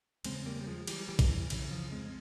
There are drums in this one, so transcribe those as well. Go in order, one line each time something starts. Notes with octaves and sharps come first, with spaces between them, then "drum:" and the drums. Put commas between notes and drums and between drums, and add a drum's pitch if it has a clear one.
E2 C#3 G#3 C4, drum: cymbal
G3 A#3
G3
F3 G#3
E3 G3, drum: cymbal
E3 G3
drum: kick A#1, cymbal
E3
F2 C#3 E3, drum: cymbal
F3
G#3 C4